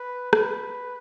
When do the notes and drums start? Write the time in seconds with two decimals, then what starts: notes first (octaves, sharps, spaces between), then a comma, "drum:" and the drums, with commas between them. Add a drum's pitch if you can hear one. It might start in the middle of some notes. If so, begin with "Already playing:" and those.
Already playing: B4
0.33 B4, drum: rim click